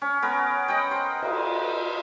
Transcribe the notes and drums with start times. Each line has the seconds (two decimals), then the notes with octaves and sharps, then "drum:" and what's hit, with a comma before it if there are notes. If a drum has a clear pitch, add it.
0.02 C#4
0.22 B3 A#4
0.68 D#5 F#5 G5
0.91 C5
1.22 drum: cymbal